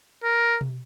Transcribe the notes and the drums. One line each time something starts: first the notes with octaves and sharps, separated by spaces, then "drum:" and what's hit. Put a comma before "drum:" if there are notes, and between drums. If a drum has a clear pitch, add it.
A#4
drum: tom B2